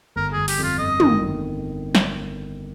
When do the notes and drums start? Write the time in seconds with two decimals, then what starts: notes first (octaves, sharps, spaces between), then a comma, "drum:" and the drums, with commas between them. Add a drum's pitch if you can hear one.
0.16 G1 A#4
0.32 G1 G#4
0.48 G4, drum: open hi-hat
0.58 F2
0.63 F4
0.79 G1 D#5
1.00 D#3, drum: tom
1.21 G1
1.95 drum: snare